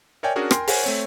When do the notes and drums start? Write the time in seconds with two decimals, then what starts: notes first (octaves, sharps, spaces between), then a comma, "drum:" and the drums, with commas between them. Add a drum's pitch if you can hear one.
0.23 A#4 C#5 D5 E5 G5 G#5
0.36 C#4 D4 F#4 G#4 A#4
0.51 A#4 G5 G#5 C6, drum: rim click
0.68 A#4 C5 C#5 F#5 G#5, drum: open hi-hat
0.84 A3 C4 C#5